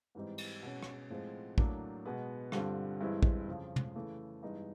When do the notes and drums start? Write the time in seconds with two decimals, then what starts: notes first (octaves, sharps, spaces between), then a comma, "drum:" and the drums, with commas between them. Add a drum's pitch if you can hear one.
0.15 G#2 E3 G3 C4 D#4
0.38 drum: cymbal
0.63 B2 G#3 C#4
0.83 drum: rim click
1.10 A2 F3 G#3 C4
1.58 A2 F#3 A#3 D4, drum: kick
2.06 B2 G#3 B3
2.52 G2 D3 G3 C4 F4, drum: rim click
3.01 G2 E3 G#3 C4 E4
3.23 drum: kick
3.48 F2 C#3 F3
3.76 drum: tom
3.95 C#3 E3 A3
4.42 G2 E3 G#3 B3 D#4